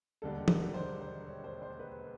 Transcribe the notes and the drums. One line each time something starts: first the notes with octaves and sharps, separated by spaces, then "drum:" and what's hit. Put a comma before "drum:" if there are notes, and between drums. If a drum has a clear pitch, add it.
E1 D#2 D3 G3 A4
A#4, drum: tom E3
C5
C5
C#5
C5
C5
B4